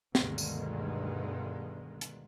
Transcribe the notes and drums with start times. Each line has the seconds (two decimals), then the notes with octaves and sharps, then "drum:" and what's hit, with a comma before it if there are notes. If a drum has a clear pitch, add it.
0.15 D2 G2 B2 D3 D#3 G#3, drum: snare
0.38 drum: tambourine
2.01 drum: hi-hat